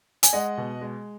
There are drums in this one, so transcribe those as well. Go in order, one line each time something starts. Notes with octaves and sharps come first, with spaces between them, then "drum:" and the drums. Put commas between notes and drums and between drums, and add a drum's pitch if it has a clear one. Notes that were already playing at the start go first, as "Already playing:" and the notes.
G#5, drum: hi-hat
G#3 D#5 F#5
B2
G#3